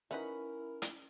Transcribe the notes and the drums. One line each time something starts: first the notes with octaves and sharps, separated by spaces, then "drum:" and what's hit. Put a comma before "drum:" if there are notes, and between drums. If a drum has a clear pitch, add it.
C#4 D#4 E4 A#4 B4 E5 F#5 B5
drum: hi-hat